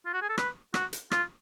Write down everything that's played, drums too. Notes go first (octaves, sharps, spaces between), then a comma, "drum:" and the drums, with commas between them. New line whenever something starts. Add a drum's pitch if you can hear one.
F4
F#4
G#4
A4
B4, drum: rim click
F#4, drum: rim click
drum: hi-hat
F4, drum: rim click